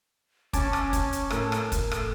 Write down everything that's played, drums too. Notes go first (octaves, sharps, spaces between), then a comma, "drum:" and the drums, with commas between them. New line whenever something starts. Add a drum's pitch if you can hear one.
C#4 G#5 A5 D6, drum: kick, hi-hat
drum: rim click
drum: kick, hi-hat
drum: hi-hat
A2 A4 A#4, drum: rim click
drum: rim click
drum: kick, hi-hat
drum: rim click